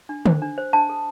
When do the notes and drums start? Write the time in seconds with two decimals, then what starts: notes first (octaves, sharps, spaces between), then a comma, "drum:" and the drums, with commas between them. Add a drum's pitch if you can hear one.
0.09 D4
0.26 C5, drum: tom D3
0.42 D4
0.58 C5
0.73 D4 A5
0.89 A4